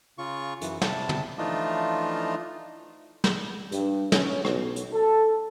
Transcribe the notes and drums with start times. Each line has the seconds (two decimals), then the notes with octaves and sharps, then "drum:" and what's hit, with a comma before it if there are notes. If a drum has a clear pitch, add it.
0.18 C#3 F4 C#6
0.61 F#2 E3, drum: hi-hat
0.82 C3 G3 A5, drum: snare
1.09 drum: tom
1.38 E3 F3 A3 D4 D#4 F4
3.24 drum: snare
3.72 G2, drum: hi-hat
4.12 C#4, drum: snare
4.45 B1, drum: rim click
4.76 drum: hi-hat
4.94 A4